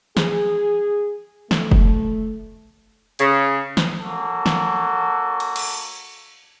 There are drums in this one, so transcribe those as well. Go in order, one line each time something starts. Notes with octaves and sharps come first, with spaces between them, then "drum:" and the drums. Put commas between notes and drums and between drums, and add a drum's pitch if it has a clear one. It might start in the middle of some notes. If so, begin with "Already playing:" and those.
G#4, drum: snare
A3, drum: snare
drum: kick
C#3, drum: hi-hat
drum: snare
A#3 C#4 F#4 A4
drum: snare
drum: cymbal
drum: cymbal